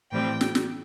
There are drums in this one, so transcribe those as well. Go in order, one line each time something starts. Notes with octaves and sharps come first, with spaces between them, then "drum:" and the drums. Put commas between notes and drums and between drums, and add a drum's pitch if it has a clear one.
A2 E3 G3 C4 G5
drum: snare
drum: snare